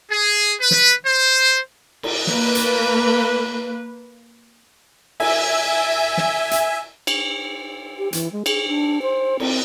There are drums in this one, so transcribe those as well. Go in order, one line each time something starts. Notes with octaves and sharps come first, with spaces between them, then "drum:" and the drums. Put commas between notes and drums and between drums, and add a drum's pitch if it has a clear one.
G#4
B4
drum: snare
C5
drum: cymbal
A#3 B4, drum: snare
drum: hi-hat
E5 G#5, drum: cymbal
drum: snare
drum: hi-hat
drum: cymbal
G4
E3, drum: hi-hat
G#3
G#4, drum: cymbal
D4
C5
C4, drum: cymbal